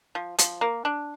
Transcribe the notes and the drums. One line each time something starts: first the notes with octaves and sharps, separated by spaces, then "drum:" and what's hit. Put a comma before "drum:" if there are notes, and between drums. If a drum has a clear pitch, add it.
F3
F3, drum: hi-hat
A#3
D4